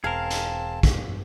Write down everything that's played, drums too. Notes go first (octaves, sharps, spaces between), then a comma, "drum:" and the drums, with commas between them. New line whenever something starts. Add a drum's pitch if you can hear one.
E1 C4 G#4 A#4 F5 A5
drum: hi-hat
drum: kick, hi-hat